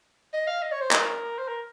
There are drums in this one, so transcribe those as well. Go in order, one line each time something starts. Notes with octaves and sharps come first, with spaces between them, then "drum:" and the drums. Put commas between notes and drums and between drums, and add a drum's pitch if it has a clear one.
D#5
F5
D#5
C#5
C5
A#4, drum: clap
C5
A#4